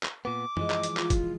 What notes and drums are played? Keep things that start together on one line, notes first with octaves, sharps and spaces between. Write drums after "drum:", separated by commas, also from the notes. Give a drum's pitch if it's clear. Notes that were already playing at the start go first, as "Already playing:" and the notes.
drum: clap
A#2 B3 D6
E3 F3 G#3 D#5, drum: tom F#2
drum: clap
drum: hi-hat
F4, drum: clap
drum: kick, hi-hat